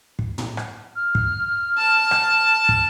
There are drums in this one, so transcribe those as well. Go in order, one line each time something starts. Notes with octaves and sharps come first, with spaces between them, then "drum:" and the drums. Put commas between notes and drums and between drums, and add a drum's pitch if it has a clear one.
drum: kick
drum: tom
drum: rim click
F6
drum: kick
A5
drum: rim click
drum: kick